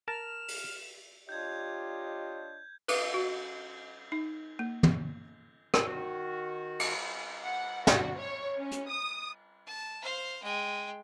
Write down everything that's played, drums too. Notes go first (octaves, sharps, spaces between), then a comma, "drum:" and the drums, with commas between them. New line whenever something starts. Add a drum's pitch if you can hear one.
A#4 A5 F6 E7
drum: open hi-hat
D4 F4 G4 C#5 D#5 G6 G#6
B4, drum: cymbal
F#4
D#4
A#3
drum: tom
drum: rim click
D#3 F#4
drum: cymbal
F#5
F#4, drum: snare
C#5
C#4
drum: hi-hat
D#6
A5
C5 F5
G#3 G5